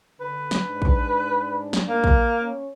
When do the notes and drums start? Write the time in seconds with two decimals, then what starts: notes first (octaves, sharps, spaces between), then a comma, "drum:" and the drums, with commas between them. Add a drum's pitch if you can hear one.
0.21 D3 B4
0.51 drum: snare
0.69 G#2 D4
0.82 drum: kick
1.73 drum: snare
1.88 A#3
2.04 drum: kick
2.41 C#4 C#5